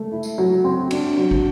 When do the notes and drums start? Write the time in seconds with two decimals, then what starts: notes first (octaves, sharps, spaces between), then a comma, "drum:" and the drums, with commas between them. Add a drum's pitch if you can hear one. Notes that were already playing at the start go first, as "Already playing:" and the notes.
Already playing: A3
0.12 E4
0.23 drum: tambourine
0.38 F#3
0.64 C4
0.91 D4, drum: cymbal
1.18 F#3
1.31 drum: kick